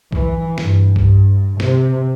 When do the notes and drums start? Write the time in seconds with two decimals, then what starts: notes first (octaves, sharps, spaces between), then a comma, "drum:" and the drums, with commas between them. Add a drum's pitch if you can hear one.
0.12 E3, drum: kick
0.58 G2, drum: snare
0.96 G2, drum: kick
1.60 C3, drum: snare